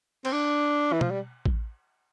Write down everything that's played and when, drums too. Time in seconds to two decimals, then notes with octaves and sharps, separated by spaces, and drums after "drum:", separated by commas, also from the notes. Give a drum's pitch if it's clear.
0.25 C4, drum: cymbal
0.32 D4
0.92 E3
1.01 F3, drum: tom B2
1.10 G3
1.46 drum: kick A1